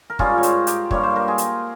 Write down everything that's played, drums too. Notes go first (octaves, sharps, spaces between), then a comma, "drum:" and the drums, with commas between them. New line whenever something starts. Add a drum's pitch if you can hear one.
A#4
G#2 G3 C#4 F4 G#4, drum: kick
C#5
G#4 C5, drum: hi-hat
G4 A#4, drum: hi-hat
G2 G3 A#3 C#5, drum: kick
C5
A#4
G#4 C5
drum: hi-hat